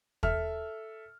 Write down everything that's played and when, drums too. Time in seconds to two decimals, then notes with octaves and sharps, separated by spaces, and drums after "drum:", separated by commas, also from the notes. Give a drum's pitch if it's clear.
0.23 A4 E5 F6, drum: kick